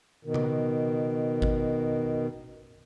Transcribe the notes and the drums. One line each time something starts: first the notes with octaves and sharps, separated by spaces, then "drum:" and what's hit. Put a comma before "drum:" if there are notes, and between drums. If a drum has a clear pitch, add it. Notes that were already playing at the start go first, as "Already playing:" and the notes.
B2 D#3
drum: tom C#3
drum: kick G#1